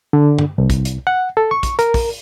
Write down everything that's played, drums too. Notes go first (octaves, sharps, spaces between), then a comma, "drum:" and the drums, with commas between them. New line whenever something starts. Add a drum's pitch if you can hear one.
D3
drum: tom
C2
drum: kick, hi-hat
drum: hi-hat
F#5
A4
C#6
drum: kick, hi-hat
A#4, drum: hi-hat
drum: kick, open hi-hat